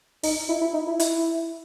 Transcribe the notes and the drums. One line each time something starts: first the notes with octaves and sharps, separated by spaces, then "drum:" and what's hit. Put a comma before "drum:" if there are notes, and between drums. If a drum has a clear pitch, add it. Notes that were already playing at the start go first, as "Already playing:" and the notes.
D#4, drum: open hi-hat
E4
E4
D#4
E4
E4, drum: hi-hat